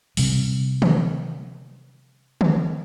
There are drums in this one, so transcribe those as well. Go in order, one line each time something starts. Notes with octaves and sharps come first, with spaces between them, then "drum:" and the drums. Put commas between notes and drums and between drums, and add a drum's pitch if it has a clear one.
C3 G3, drum: open hi-hat
drum: tom
drum: tom